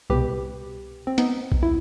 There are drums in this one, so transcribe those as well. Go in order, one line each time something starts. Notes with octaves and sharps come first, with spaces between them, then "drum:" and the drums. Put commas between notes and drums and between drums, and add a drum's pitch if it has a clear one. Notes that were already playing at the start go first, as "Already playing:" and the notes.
C2 B2 G4 B4
C4
B3 D#4, drum: hi-hat
drum: kick A#1
E4